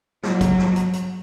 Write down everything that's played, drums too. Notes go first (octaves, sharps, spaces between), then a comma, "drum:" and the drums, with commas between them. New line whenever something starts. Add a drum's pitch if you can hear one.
F#3, drum: snare
drum: kick, hi-hat
drum: snare
drum: hi-hat
drum: hi-hat